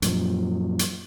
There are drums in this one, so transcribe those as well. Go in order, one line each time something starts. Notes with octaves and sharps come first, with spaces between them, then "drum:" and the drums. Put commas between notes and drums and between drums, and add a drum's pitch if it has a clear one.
F#2 A#2 F3, drum: hi-hat
drum: hi-hat